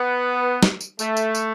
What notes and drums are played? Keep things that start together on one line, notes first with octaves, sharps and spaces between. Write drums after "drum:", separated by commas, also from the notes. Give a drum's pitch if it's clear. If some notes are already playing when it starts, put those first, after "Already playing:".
Already playing: B3
drum: snare
drum: tambourine
A3, drum: tambourine
drum: tambourine
drum: tambourine